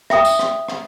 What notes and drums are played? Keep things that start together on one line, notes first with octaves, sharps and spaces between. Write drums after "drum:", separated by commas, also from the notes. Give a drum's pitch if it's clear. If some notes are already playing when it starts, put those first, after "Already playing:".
E5 G5 D#6, drum: rim click
drum: tambourine
drum: rim click
drum: rim click